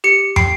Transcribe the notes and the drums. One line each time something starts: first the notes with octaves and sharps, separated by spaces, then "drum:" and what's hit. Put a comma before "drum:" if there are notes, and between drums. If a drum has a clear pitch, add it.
G4 C#7
G5 C7, drum: tom